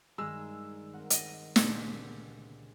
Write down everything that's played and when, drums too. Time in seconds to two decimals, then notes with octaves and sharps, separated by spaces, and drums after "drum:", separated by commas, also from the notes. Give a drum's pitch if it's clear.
0.18 G2 D#3 G#3 A#5 E6
0.93 C4 A#4 F#5
1.10 D#5, drum: hi-hat
1.56 C#2 A#2 D3 C4 G4, drum: snare